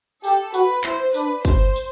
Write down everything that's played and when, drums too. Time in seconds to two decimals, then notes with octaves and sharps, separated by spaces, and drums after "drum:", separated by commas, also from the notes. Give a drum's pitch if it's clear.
0.24 G4 A4, drum: tambourine
0.54 F#4 B4, drum: tambourine
0.84 E4 C5, drum: clap
1.14 D4 B4, drum: tambourine
1.45 C5, drum: kick, tambourine
1.76 drum: tambourine